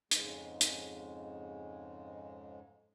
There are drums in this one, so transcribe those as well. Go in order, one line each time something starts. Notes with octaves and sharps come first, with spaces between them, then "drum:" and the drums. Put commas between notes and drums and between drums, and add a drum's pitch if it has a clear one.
F2 G#2 C#3 G#3, drum: hi-hat
drum: hi-hat